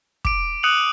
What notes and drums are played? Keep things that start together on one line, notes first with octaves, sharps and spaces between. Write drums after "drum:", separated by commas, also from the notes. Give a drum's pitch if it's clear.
D6 D7, drum: kick
D#6 F#6 C#7 D#7 F7 F#7